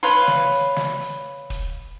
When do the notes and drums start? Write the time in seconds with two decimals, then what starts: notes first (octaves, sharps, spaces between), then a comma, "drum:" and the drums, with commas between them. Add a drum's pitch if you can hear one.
0.03 B4 C#5 F5 C6, drum: hi-hat
0.27 drum: snare
0.52 drum: hi-hat
0.76 drum: snare
1.01 drum: hi-hat
1.50 drum: kick, hi-hat